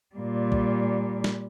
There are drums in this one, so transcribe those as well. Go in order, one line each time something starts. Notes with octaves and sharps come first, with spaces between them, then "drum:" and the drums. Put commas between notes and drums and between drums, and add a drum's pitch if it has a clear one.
A#2 G3
drum: kick
drum: snare